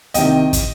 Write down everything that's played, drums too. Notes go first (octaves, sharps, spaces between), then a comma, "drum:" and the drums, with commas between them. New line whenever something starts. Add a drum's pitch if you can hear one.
C2 C3 D#3 D#5 G5, drum: hi-hat
drum: kick, hi-hat